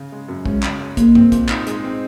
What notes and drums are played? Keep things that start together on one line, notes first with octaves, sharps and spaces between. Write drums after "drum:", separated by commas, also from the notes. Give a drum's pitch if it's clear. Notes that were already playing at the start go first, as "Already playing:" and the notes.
Already playing: C#3
G#3
F#2
G#3 C#4, drum: kick
C#3, drum: clap
G#3
G#3 A#3, drum: kick, hi-hat
C4, drum: tom
A#2, drum: kick, hi-hat
D#4, drum: clap
G#3, drum: hi-hat
C4